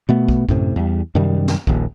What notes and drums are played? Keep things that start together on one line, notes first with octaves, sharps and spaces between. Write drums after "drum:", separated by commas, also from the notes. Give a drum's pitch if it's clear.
B2 A3 B3
drum: kick
F#2 A2 C3, drum: kick
E2 G3
F#2 C3 D#3 G3
drum: snare
D#1 A#1 D#2, drum: kick